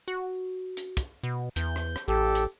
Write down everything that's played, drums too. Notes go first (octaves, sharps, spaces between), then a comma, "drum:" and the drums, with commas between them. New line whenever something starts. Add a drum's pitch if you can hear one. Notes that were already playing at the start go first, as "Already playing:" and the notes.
F#4
drum: hi-hat
drum: kick, hi-hat
B2
E2 G6, drum: hi-hat
drum: rim click
drum: rim click
A1 G4 A4
drum: hi-hat